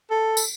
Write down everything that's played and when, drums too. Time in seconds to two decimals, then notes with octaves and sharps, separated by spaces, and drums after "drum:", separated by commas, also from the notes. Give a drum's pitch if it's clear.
0.11 A4
0.37 drum: tambourine